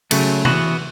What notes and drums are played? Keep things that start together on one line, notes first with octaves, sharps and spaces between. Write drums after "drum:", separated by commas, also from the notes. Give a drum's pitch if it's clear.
C#3 F#3 A3, drum: cymbal
E3 B3 F#4, drum: tom C3